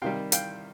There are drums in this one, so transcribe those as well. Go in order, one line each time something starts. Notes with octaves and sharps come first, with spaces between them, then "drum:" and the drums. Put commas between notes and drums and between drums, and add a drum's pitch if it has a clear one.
C3 D#3 G3 F5 G5
F5 G5, drum: hi-hat